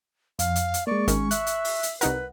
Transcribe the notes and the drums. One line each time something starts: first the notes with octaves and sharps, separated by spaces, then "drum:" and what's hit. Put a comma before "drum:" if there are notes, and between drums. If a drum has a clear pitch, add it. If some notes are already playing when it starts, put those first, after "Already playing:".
F2 F5, drum: hi-hat
drum: hi-hat
drum: hi-hat
G#3 A#3 D5 C#6
G#1 D#3 G#3 C#4, drum: hi-hat
E5 F#6, drum: hi-hat
drum: hi-hat
drum: open hi-hat
drum: hi-hat
C2 D#4 A#4 B4 F#5, drum: hi-hat